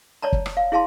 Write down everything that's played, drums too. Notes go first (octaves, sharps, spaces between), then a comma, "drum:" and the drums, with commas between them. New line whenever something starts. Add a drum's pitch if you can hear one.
C#5 D5 A5 A#5
drum: kick
drum: rim click
F5
E4 G#4 F5 A5 C6